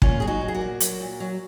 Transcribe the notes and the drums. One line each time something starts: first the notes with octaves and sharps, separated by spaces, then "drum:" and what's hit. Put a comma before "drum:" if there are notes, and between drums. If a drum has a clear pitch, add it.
A#2 C#4 F4, drum: kick
F#3 G#4
D#4 F#4
F#3
G#4
F#4 A#4
A#2
F#3, drum: hi-hat
A#2
F#3